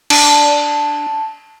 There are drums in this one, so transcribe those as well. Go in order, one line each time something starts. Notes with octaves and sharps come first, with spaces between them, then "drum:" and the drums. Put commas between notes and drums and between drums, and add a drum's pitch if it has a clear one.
D4 A5, drum: cymbal